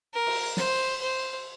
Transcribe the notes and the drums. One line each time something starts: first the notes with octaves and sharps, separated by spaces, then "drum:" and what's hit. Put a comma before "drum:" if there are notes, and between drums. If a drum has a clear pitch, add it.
A#4
drum: cymbal
C5, drum: snare
C5